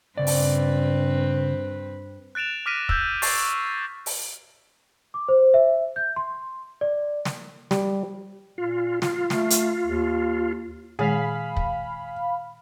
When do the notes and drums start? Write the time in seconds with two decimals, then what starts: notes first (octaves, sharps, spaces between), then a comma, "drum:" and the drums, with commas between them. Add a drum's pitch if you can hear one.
0.18 G2 C#3 C4 B4 D5
0.27 drum: open hi-hat
2.35 F#6 A6 D7 E7 F7
2.66 D6 F6 A#6 B6 D7 D#7
2.89 E6 F#6 G6, drum: kick
3.22 C#6 G#6 A6 C7, drum: open hi-hat
4.06 drum: open hi-hat
5.14 D6
5.29 C5
5.54 E5
5.96 G6
6.16 C6
6.81 D5
7.25 drum: snare
7.71 G3, drum: snare
8.58 A#2 F4
9.02 F4, drum: snare
9.30 A3, drum: snare
9.50 drum: hi-hat
9.86 D#2
10.99 A#2 D#3 G#3 G#4 F5 B5
11.56 drum: kick